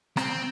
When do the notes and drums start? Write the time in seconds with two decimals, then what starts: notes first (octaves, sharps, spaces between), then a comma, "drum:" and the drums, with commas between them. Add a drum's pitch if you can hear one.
0.17 C4, drum: rim click